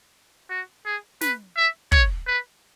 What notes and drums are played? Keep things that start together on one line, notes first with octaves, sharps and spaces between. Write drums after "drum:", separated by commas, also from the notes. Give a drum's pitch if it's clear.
F#4
G#4
B4, drum: snare
E5
C#5, drum: kick
B4